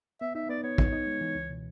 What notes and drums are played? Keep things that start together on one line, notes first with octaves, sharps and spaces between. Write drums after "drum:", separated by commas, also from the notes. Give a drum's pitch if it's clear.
B3 E5
D#4 E5
B3 D5
B3 C#5
D#4, drum: kick
D#4
G#3
E3
C#2
B2